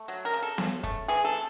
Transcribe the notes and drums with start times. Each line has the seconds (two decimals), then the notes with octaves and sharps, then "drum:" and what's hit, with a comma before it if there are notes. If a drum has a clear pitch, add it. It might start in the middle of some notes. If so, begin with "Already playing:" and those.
Already playing: A3
0.08 F#3
0.25 A#4
0.33 C#3
0.42 A4
0.58 C#3, drum: snare B3
0.83 A3, drum: kick
1.08 E3 G#4
1.25 A4
1.33 C3